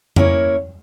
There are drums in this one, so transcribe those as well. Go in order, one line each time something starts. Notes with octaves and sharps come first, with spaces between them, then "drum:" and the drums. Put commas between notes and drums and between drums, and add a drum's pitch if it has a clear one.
A#3 C#4 E4 A#4 C#5, drum: tom F2